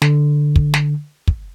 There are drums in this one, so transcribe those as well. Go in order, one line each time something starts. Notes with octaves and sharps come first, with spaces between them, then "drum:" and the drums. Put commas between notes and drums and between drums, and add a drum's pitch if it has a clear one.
D3, drum: snare
drum: kick
drum: snare
drum: kick